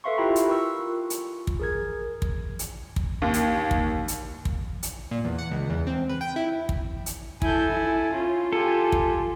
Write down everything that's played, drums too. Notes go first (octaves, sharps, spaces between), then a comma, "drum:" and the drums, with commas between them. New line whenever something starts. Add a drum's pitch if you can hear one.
A4 B4 E5 F5 C6 C#6
E4 F4 G4 G5 A#5 B5
drum: hi-hat
A#4 C#6 E6
F4
drum: hi-hat
drum: kick
G#4 A#4 G#6
drum: kick
drum: hi-hat
drum: kick
D#2
drum: hi-hat
drum: kick
drum: hi-hat
drum: kick
drum: hi-hat
A#2
E2
F#5
C#2
E2
C4
B4
G5
E4
drum: kick
drum: hi-hat
E4 A4 G#5 G6, drum: kick
E4
C#4 F4
G4 A4 G#5
drum: kick